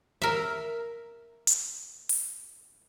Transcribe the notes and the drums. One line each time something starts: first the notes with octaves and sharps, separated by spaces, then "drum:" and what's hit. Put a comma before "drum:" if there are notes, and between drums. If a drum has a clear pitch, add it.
A#4 E5
drum: hi-hat
drum: open hi-hat